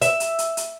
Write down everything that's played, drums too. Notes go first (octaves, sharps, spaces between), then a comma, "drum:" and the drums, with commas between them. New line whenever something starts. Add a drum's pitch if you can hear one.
E5, drum: hi-hat
drum: hi-hat
drum: hi-hat
drum: hi-hat